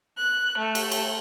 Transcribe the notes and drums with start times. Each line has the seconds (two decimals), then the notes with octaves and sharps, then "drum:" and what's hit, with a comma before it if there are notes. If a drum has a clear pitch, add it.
0.18 F#6
0.59 A3
0.75 drum: cymbal
0.92 drum: cymbal